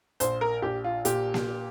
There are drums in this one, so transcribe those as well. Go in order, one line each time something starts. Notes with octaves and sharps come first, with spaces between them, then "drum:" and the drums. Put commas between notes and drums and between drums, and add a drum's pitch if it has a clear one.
A#1 C5, drum: hi-hat
A#4
A#1 G4
F4
A#2 G4, drum: hi-hat
drum: snare A#3